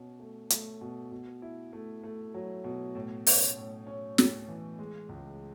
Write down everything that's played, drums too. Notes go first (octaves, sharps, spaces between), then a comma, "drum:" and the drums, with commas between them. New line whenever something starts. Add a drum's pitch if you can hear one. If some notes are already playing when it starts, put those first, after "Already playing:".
Already playing: B2 C#4
A3
A3, drum: hi-hat
B2
B2
E4
A3
A3
F#3
B2
A2
C#4, drum: open hi-hat
A2
C#4
A2, drum: snare
E3
G#3
C#2